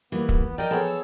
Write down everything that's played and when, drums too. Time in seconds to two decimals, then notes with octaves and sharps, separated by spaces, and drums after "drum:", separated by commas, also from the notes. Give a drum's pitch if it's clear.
0.12 E3 G3 A#3 B3 F4
0.29 drum: kick
0.58 F3 A#4 D5 D#5 G5
0.71 B3 G#4 A4 C#5
0.87 E6